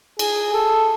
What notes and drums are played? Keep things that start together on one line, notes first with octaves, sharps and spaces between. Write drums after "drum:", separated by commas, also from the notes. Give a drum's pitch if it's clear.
G#4, drum: cymbal
A4